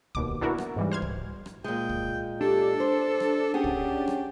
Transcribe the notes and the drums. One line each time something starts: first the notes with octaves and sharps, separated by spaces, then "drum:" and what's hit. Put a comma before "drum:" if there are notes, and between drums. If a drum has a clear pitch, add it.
D#2 B2 D6, drum: kick
B3 D4 E4 F#4 A#4
drum: rim click
G#2 E3 G3
C5 F6 G#6
drum: kick
drum: rim click
A#2 G#3 G5
drum: kick
D4 G4 A4
C5 C7
drum: rim click
C#4 G4 G#4 F#5
drum: kick
drum: rim click